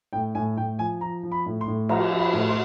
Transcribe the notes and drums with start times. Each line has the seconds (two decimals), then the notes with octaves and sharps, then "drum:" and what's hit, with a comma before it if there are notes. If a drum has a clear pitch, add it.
0.13 A2 G5
0.35 A2 G#5
0.57 A2 G5
0.79 F3 G#5
1.01 F3 A#5
1.23 F3
1.31 B5
1.46 A2
1.61 C6
1.68 A2
1.89 F3 A#5, drum: cymbal
2.12 F3
2.19 B5
2.33 A2
2.49 C6